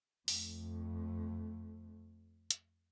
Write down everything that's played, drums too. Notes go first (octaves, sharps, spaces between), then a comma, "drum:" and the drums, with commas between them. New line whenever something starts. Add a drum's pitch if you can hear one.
F2 A3, drum: open hi-hat
drum: hi-hat